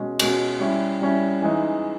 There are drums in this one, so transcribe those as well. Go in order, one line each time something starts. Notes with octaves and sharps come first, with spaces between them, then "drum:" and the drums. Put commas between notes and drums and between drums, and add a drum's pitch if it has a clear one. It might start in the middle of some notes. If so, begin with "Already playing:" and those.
Already playing: B2 G#3 C#4
B2 G#3 C#4, drum: cymbal
G3 C#4 E4
G3 C#4 E4
E3 G#3 D#4